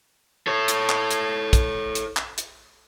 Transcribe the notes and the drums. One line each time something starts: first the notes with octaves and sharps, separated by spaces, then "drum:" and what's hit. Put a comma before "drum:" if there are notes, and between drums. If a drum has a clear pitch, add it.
A4 C#5
drum: hi-hat
drum: clap
drum: hi-hat
drum: kick, hi-hat
drum: hi-hat
drum: clap
drum: hi-hat